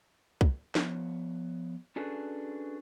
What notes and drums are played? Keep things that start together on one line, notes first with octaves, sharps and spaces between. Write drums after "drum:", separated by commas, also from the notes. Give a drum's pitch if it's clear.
drum: kick
F3 B3 C#5, drum: snare
C#4 D4 F#4 G#4 A4 B4